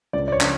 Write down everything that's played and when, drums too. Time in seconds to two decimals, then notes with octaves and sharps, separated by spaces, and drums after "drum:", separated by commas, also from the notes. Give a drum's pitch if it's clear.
0.13 C#2 D5
0.28 D5
0.32 C#5
0.41 C#3 F3, drum: clap